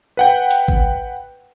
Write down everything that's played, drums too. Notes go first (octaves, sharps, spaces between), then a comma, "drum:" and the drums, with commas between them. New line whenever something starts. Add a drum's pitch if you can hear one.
B4 F#5 G5
drum: hi-hat
drum: kick G#1